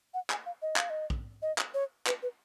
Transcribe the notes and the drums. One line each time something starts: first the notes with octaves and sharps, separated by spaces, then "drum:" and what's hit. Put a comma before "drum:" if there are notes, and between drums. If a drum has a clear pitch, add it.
F#5
G#5, drum: clap
F5
D#5
F5, drum: clap
D#5
drum: kick
D#5
drum: clap
C#5
B4, drum: clap
B4